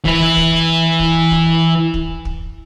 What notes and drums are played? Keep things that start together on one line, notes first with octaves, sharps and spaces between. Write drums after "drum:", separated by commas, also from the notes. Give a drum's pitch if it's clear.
E3 B4, drum: kick
drum: kick
drum: kick
drum: kick
drum: kick
drum: kick